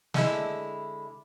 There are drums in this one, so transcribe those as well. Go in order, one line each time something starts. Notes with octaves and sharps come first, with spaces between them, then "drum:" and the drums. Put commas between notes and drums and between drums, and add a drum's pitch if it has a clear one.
D3 G#3 E4, drum: snare